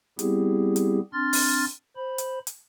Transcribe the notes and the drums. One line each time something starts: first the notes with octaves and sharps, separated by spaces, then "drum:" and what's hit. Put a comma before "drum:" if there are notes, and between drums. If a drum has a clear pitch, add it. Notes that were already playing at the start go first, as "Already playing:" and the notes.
G3 B3 C4 E4 G4 G#4, drum: hi-hat
drum: hi-hat
C4 D4 C6 F6 A6
drum: open hi-hat
C5 B5
drum: hi-hat
drum: hi-hat